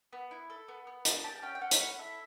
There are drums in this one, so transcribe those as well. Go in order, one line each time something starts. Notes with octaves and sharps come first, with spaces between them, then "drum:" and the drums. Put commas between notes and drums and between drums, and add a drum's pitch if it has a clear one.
B3
E4
A4
B3
B3
D4, drum: hi-hat
G4 A5
A5
C#4 G5
G5
C#4 F#5
E5, drum: hi-hat
E4 F#5
A4 E5